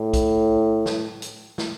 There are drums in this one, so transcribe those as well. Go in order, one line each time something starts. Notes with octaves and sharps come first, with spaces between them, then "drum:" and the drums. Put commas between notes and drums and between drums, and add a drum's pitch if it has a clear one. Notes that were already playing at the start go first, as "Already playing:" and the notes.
Already playing: A2
drum: kick B1, hi-hat
drum: snare
drum: hi-hat
drum: snare